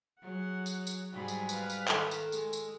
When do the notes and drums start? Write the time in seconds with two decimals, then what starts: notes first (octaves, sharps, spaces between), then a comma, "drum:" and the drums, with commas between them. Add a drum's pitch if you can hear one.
0.23 F#3 G#4 F#5
0.66 drum: tambourine
0.87 drum: tambourine
1.13 G#2 F#3 G3 G#4 B5
1.28 drum: tambourine
1.49 B4 F5, drum: tambourine
1.70 drum: tambourine
1.88 D#3 A4, drum: clap
2.11 drum: tambourine
2.32 G#3, drum: tambourine
2.53 drum: tambourine